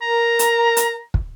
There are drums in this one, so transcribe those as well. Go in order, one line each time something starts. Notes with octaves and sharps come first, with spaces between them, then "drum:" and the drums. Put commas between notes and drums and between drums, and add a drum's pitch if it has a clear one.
A#4 A#5
drum: hi-hat
drum: hi-hat
drum: kick